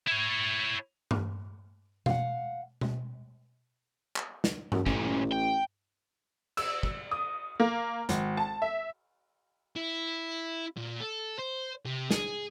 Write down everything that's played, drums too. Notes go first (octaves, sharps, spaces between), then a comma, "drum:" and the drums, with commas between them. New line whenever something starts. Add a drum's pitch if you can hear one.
E4 C#5
drum: tom G2
F5 F#5, drum: tom B2
drum: tom B2
drum: clap
drum: snare
F#2, drum: tom G2
A1 A#2 C#4, drum: kick
G5
E6, drum: cymbal
drum: kick
D#6
A#3
G#1, drum: hi-hat
A5
E5
E4
A#2
A4
C5
C3
G#4, drum: snare